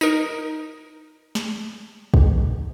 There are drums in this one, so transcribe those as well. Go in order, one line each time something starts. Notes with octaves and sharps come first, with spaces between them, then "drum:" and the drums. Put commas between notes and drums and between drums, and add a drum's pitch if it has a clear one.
D#4 A#4, drum: tambourine
drum: snare
drum: kick